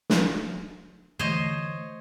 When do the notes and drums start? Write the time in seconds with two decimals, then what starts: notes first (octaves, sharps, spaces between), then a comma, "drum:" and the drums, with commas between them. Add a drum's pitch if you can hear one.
0.10 drum: snare
1.19 D3 E3 A3 C5 C#5 D#5